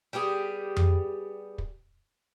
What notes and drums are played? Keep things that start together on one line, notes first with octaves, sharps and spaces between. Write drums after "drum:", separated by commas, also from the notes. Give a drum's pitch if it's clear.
G3 B3 G4 G#4
drum: tom F2
drum: kick